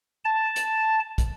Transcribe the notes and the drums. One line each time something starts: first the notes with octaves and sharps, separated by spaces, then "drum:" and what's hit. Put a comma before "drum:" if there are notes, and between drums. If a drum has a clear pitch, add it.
A5
drum: hi-hat
drum: kick, hi-hat